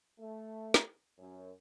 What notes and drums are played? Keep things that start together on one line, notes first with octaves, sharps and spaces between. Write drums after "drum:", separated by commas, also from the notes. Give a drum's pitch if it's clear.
A3
drum: snare
F#2